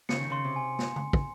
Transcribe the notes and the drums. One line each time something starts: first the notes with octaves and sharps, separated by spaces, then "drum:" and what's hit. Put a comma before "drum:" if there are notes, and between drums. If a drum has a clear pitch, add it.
C#3 C#7, drum: snare
D#3
C#3 C6
C3
G#5
drum: snare
drum: tom C#3
drum: kick